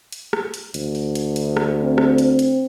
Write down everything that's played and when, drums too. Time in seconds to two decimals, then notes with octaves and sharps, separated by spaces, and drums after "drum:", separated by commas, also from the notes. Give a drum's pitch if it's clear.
0.12 drum: hi-hat
0.33 drum: rim click
0.54 drum: hi-hat
0.74 D2, drum: hi-hat
0.95 drum: open hi-hat
1.15 drum: hi-hat
1.36 drum: hi-hat
1.57 drum: rim click
1.83 C4
1.98 drum: rim click
2.18 drum: hi-hat
2.39 drum: hi-hat